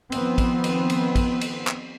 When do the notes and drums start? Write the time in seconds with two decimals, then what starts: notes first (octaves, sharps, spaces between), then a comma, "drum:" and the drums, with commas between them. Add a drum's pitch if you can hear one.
0.12 D#3 F3 B3 C4, drum: cymbal
0.38 drum: kick, cymbal
0.64 drum: cymbal
0.90 drum: cymbal
1.16 drum: kick, cymbal
1.41 drum: cymbal
1.67 drum: clap